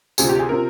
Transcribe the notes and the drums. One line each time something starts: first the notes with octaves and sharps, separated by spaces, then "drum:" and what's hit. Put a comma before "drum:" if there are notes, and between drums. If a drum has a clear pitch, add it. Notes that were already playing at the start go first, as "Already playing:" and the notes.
D2 C3 F3 G#4, drum: tambourine
G4
G#4
C3 F3 A#4